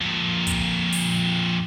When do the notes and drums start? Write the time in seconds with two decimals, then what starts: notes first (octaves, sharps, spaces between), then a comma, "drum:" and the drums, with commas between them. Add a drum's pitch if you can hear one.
0.01 F2 A#2
0.47 drum: kick, hi-hat
0.92 drum: open hi-hat